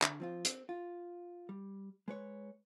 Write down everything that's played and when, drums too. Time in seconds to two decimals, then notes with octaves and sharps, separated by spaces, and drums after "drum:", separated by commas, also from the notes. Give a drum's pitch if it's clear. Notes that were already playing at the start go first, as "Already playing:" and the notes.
0.02 D3, drum: clap
0.20 F3 C4 F4
0.45 C4, drum: hi-hat
0.69 F4
1.49 G3
2.08 G#3 B4 C#5